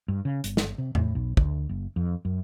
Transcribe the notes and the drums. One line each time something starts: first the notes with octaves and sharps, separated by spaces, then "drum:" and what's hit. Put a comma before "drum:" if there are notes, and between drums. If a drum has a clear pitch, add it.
G2
C#3
G1, drum: hi-hat
drum: snare
C3
A2, drum: tom E2
B1
D2, drum: kick
F#1
F2
F#2